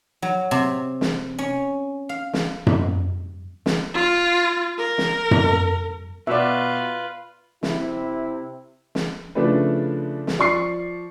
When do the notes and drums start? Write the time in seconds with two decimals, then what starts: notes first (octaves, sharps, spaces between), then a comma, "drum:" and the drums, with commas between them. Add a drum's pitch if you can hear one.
0.22 F#3
0.51 C3
1.01 drum: snare
1.38 C#4
2.09 F5
2.33 drum: snare
2.67 drum: tom F#2
3.66 drum: snare
3.94 F4
4.78 A#4
4.98 drum: snare
5.31 drum: tom F#2
6.27 B2 F4 B4 D5 E5
7.63 C3 E4, drum: snare
8.95 drum: snare
9.35 C#3 F3 A3 D4 E4 B4
10.27 drum: snare
10.39 F3 D5 C#6 C7